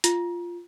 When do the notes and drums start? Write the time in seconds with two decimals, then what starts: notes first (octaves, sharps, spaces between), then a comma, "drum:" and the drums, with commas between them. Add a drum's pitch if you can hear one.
0.04 F4, drum: hi-hat